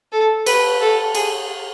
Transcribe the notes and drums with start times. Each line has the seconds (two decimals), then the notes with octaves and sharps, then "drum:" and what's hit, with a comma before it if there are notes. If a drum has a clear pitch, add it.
0.12 A4
0.46 B4, drum: cymbal
0.81 A4
1.15 G#4, drum: cymbal